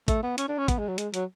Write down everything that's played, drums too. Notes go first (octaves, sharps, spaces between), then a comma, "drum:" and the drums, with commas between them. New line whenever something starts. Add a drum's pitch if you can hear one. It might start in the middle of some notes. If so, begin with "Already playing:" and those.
A3, drum: kick A1, hi-hat
B3
C#4, drum: hi-hat
D4
C#4
B3, drum: kick A1, hi-hat
G#3
F#3
G#3, drum: hi-hat
F#3, drum: hi-hat